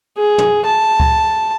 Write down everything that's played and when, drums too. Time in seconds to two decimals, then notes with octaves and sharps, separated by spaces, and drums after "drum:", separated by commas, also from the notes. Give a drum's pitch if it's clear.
0.18 G#4
0.38 drum: tom
0.65 A5
1.00 drum: kick C#2